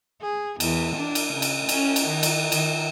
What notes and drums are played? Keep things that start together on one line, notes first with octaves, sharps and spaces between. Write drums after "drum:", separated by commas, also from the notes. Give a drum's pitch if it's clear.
G#4
E2, drum: cymbal
D4
drum: cymbal
C#3
drum: cymbal
C#4, drum: cymbal
drum: cymbal
D#3
drum: cymbal
D#3, drum: cymbal